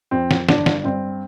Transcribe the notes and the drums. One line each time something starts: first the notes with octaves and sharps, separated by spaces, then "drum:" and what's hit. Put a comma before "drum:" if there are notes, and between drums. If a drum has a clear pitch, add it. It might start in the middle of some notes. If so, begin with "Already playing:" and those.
F2 C4
F2, drum: snare
G1 D4, drum: snare
G2, drum: snare
G2 C4